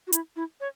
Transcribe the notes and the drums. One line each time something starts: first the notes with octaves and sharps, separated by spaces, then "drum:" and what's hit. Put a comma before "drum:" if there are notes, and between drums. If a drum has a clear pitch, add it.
F#4
E4, drum: hi-hat
E4
C#5